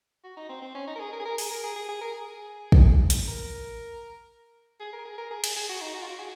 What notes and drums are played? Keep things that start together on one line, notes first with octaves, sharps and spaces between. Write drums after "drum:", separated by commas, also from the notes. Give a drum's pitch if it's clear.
F#4
D#4
C4
C4
C#4
D#4
A#4
G#4
A#4
G#4
A#4
G#4, drum: open hi-hat
A#4
G#4
G#4
G#4
A#4
G#4
drum: kick
drum: hi-hat
A#4
G#4
A#4
G#4
A#4
G#4
G#4, drum: cymbal
G#4
F#4
D#4
F#4
F4
F#4
G#4